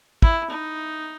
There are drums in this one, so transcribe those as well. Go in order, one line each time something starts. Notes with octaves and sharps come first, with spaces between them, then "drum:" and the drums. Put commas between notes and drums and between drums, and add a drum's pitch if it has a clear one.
E4, drum: kick
D#4